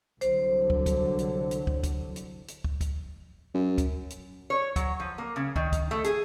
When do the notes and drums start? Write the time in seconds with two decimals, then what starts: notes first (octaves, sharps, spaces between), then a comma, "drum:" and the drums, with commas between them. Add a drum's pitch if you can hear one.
0.21 C2 D3 F#3 C5, drum: hi-hat
0.70 drum: kick
0.86 drum: kick, hi-hat
1.19 drum: hi-hat
1.51 drum: hi-hat
1.67 drum: kick
1.83 drum: kick, hi-hat
2.16 drum: hi-hat
2.48 drum: hi-hat
2.64 drum: kick
2.81 drum: kick, hi-hat
3.54 F#2
3.78 drum: kick, hi-hat
4.10 drum: hi-hat
4.50 C#5
4.76 F#3, drum: kick, hi-hat
5.00 F3
5.18 A#3
5.36 C#3
5.56 D#3, drum: kick
5.73 drum: kick, hi-hat
5.91 A3
6.04 G#4, drum: hi-hat